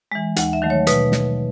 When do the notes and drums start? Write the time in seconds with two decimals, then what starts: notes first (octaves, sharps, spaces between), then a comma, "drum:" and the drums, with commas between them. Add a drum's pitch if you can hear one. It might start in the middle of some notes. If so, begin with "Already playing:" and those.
0.12 E3 G#3
0.36 D#2 F#5, drum: hi-hat
0.53 E5
0.62 D#3 F#3 A3
0.70 C#5
0.87 B2 B4, drum: hi-hat
1.12 drum: snare